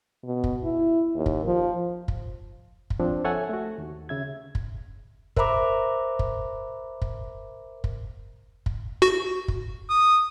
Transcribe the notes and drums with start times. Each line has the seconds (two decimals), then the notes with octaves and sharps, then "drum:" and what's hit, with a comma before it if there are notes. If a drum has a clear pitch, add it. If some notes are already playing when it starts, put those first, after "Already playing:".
0.24 B2
0.44 drum: kick
0.64 E4
1.16 D#2
1.26 drum: kick
1.46 F3
2.08 drum: kick
2.90 drum: kick
3.00 F3 C4 D4
3.25 A4 C#5 E5 F#5 G#5
3.49 A3 F#4
3.78 D#2
4.09 C#3 E5 G#6
4.55 drum: kick
5.37 A#4 C5 E5 A#5 B5 D6, drum: kick
6.19 drum: kick
7.02 drum: kick
7.84 drum: kick
8.66 drum: kick
9.02 F#4
9.48 drum: kick
9.89 D#6